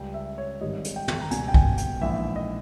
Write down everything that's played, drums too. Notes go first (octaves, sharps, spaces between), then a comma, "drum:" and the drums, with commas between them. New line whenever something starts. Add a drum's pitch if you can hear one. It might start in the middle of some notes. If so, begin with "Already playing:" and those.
Already playing: C#2 C#3 G3 G5
E5
C#5
G#1 G#2 D#3 G3 D#5
drum: hi-hat
G5
drum: tom
A#5
C#2 B2 G3 G#5, drum: hi-hat
G5
G#5, drum: kick B1
G5, drum: hi-hat
A#1 G#2 E3 E5
D#5